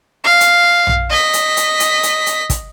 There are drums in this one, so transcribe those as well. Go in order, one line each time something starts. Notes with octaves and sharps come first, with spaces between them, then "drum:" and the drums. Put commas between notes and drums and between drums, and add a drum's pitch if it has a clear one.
F5
drum: hi-hat
drum: tom A#1
D#5 B6
drum: hi-hat
drum: hi-hat
drum: hi-hat
drum: hi-hat
drum: hi-hat
drum: kick, hi-hat